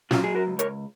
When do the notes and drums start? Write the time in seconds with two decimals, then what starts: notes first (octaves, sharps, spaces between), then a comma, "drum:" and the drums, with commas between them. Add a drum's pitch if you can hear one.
0.11 F#3 C#4 F4, drum: snare
0.24 G#4
0.35 F#4 A#4
0.47 C#2
0.59 A#4 C#5, drum: hi-hat